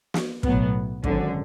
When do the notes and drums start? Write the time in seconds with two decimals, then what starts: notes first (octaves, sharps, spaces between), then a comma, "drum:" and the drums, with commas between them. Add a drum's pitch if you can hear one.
0.14 drum: snare
0.43 B1 A2 F#3 B3, drum: kick
1.04 G#1 F#2 D3, drum: kick